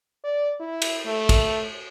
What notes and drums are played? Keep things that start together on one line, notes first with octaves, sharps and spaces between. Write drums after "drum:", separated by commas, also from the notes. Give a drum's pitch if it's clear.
D5
E4
drum: cymbal
A3
drum: kick, cymbal